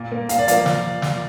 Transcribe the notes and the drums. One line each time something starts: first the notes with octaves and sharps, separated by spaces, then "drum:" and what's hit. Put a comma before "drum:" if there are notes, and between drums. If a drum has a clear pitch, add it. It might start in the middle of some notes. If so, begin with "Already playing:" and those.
Already playing: A#2
A#3
A#2 F5, drum: hi-hat
D5
F3 A#3 F5, drum: hi-hat
drum: snare
drum: snare